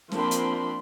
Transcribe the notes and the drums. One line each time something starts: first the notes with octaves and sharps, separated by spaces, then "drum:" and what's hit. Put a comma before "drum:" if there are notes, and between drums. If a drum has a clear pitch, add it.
F3 A#3 C4 D4 B5 C6, drum: snare
drum: hi-hat